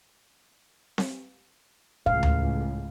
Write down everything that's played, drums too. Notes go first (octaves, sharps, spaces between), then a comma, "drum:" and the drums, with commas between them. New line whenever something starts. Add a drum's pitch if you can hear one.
drum: snare C4
C#2 A2 F5, drum: kick
drum: tom D2